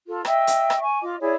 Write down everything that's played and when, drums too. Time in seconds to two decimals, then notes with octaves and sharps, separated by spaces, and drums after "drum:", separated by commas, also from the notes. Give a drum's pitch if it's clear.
0.07 F4 A4
0.25 D#5 E5 G5 E6, drum: rim click
0.47 drum: hi-hat
0.70 drum: rim click
0.81 G#5 C#6
1.01 F4 D#5 D6
1.20 E4 G#4 C#5 D5